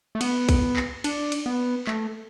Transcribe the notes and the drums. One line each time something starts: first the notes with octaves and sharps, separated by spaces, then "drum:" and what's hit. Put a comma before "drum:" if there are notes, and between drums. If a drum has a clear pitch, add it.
A3
B3, drum: cymbal
drum: kick, cymbal
drum: clap
D4, drum: cymbal
drum: cymbal
B3
A3, drum: clap